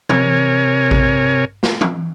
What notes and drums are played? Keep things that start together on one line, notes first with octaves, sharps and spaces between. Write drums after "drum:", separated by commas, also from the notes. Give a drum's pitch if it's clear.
C3 A#4 C#5 G#5, drum: tom
drum: kick A1
drum: snare
drum: tom